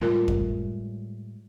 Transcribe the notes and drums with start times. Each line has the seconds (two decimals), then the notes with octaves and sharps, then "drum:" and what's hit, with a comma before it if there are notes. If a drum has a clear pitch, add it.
0.01 A2 G3 G#3 F4 A#4
0.28 drum: kick F2